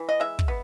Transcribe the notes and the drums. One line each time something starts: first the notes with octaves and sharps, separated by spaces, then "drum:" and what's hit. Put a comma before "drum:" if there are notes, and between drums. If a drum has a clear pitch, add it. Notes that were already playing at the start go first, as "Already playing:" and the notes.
Already playing: E3
D#5
G#3 E5
drum: kick
B3